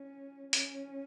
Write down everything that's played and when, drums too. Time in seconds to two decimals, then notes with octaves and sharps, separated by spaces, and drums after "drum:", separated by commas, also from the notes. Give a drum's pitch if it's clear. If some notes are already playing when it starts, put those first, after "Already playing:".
Already playing: C#4
0.53 C#4, drum: hi-hat